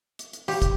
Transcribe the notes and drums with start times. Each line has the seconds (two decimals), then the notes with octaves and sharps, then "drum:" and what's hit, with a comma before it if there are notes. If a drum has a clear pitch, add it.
0.19 drum: hi-hat
0.33 drum: hi-hat
0.48 G4, drum: open hi-hat
0.62 drum: kick, hi-hat